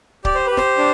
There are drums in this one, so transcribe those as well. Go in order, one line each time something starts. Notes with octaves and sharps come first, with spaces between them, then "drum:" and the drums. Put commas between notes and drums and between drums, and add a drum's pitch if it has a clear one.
G4 D5, drum: kick C#1
C5
G4 B4
C5, drum: snare
D4